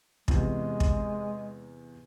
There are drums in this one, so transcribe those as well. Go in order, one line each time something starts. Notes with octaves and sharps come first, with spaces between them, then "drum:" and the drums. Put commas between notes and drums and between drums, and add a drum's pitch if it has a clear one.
E2 C3 G#3, drum: kick
drum: kick